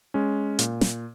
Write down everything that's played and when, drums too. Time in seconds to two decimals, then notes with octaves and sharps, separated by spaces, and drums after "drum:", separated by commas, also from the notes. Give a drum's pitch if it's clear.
0.14 G#3 C#4
0.59 A#2, drum: hi-hat
0.81 drum: snare